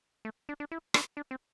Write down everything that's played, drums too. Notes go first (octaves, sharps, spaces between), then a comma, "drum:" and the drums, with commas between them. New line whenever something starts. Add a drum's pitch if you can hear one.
A3
D4
D4
E4
D4, drum: rim click
D4
C4